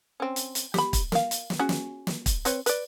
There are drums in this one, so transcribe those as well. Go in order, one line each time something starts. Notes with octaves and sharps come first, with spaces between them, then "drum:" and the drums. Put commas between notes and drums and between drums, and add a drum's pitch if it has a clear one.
C4 C#4
drum: hi-hat
drum: hi-hat
G4 B5, drum: snare
drum: kick, hi-hat
A#4 F5, drum: snare
drum: hi-hat
drum: snare
C#4 F#4 G#4
drum: snare
drum: snare
drum: kick, hi-hat
C4 B4 C#5, drum: hi-hat
B4 D5, drum: hi-hat